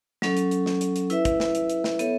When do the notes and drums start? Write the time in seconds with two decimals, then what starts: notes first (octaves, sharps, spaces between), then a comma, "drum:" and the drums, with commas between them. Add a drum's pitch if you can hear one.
0.22 F#3 C#4 A4, drum: snare
0.37 drum: hi-hat
0.51 drum: hi-hat
0.66 drum: snare
0.81 drum: hi-hat
0.96 drum: hi-hat
1.10 E4 B4 E5, drum: hi-hat
1.25 drum: kick, hi-hat
1.40 drum: snare
1.55 drum: hi-hat
1.70 drum: hi-hat
1.84 drum: snare
1.99 B3 A4 C#5 E5, drum: hi-hat